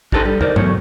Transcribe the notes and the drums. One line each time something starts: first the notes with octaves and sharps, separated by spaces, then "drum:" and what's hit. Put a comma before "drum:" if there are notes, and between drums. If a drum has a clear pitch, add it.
D4 D#4 G4 A4 B4 C5, drum: kick
G3 A4
D#4 A#4 C5 D5, drum: tom
E2 B2 F#3 A3 C#5 G5, drum: tom